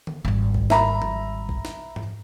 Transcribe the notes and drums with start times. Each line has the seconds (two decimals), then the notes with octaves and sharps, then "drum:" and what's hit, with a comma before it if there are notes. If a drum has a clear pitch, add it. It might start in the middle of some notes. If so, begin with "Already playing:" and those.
0.07 drum: tom D3
0.25 G#1 G3
0.54 drum: kick A#1
0.70 E5 A#5 B5, drum: snare
1.02 drum: tom G#2
1.49 drum: kick A#1
1.65 drum: snare
1.96 drum: tom G#2